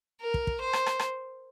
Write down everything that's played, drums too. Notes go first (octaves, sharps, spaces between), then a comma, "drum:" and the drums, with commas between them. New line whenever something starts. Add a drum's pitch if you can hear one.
A#4
drum: kick
drum: kick
C5
drum: rim click
drum: rim click
drum: rim click